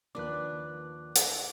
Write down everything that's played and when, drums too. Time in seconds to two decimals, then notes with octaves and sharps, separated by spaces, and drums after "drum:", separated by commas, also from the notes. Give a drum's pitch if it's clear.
0.15 D#2 F3 A#3 D4 B4 D6 F#6
1.16 drum: hi-hat